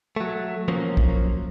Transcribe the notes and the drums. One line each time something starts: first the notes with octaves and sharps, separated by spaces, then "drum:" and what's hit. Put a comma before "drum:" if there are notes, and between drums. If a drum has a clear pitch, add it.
F#3 A3
F3 F#3 A#3 C#4
drum: kick